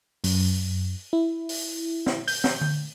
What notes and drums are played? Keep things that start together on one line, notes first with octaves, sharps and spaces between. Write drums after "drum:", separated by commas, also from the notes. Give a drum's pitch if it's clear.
F#2, drum: open hi-hat
E4
drum: open hi-hat
drum: snare
G6, drum: open hi-hat
drum: snare
drum: tom D3